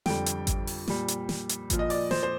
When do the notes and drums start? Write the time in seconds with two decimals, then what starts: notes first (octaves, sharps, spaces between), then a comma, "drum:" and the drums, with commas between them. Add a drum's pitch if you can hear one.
0.06 F2 D3 G3 G5, drum: snare
0.26 drum: hi-hat
0.47 drum: kick G#1, hi-hat
0.67 drum: open hi-hat
0.88 A#2 G3, drum: snare
1.08 drum: hi-hat
1.29 drum: snare
1.49 drum: hi-hat
1.70 A#2 F3, drum: kick G#1, hi-hat
1.79 D#5
1.90 D5, drum: open hi-hat
2.11 C5, drum: snare
2.23 C5